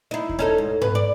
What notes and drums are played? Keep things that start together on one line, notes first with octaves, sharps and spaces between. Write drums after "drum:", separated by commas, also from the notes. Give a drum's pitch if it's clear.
D#4 E4
drum: kick D#2
C#4 D#4 A4
G#2
B4, drum: tom G#2
D5